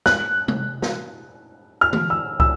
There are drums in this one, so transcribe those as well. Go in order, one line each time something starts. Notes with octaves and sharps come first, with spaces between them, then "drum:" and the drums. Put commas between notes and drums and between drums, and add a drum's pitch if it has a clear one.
F#6, drum: snare
drum: tom C3
drum: snare
F6
drum: tom D3
E6
E6, drum: kick